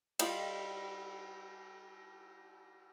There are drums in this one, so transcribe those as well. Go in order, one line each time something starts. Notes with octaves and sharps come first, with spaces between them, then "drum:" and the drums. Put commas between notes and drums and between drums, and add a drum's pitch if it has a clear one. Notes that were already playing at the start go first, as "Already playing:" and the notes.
G3 F4 D#5 G5, drum: cymbal